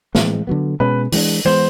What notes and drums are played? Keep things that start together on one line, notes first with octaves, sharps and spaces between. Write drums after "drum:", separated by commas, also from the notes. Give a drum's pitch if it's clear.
A2 E3 G#3 C4, drum: snare
D3 F#3 B3
B2 G#3 C#4 B4
E3 G#3 B3 D4, drum: open hi-hat
E3 G#3 B3 C5